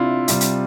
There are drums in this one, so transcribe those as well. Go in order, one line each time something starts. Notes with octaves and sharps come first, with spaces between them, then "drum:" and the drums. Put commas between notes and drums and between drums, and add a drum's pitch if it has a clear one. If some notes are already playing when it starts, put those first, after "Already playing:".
Already playing: C3 D4 E4 F4
C3 G3, drum: hi-hat
drum: hi-hat